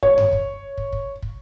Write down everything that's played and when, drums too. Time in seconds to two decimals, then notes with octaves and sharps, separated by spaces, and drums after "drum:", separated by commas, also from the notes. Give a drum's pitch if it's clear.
0.03 C#5, drum: kick
0.18 drum: tom F#2
0.33 drum: kick
0.78 drum: kick
0.93 drum: kick
1.22 drum: kick